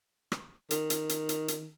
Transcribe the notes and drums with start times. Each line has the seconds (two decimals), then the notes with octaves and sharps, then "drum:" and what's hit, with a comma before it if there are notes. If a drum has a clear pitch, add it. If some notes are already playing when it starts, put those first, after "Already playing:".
0.32 drum: rim click
0.71 D#3, drum: hi-hat
0.90 drum: hi-hat
1.09 drum: hi-hat
1.29 drum: hi-hat
1.48 drum: hi-hat